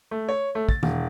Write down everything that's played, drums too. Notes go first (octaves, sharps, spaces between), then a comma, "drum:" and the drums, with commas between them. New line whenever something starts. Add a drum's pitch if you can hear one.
A3
C#5
A3
A6, drum: kick
E1, drum: tom